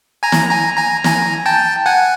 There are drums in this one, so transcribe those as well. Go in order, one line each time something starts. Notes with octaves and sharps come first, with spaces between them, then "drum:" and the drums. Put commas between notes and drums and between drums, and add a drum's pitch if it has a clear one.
G#5 A#5
drum: snare
G#5 A#5
G#5 A#5
G#5 A#5, drum: snare
G5 A5
F#5 G#5